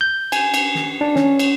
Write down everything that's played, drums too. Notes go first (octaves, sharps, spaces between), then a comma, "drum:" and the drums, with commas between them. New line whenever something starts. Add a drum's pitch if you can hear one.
G6
G#5, drum: cymbal
drum: cymbal
drum: snare
D4
C#4, drum: snare
drum: cymbal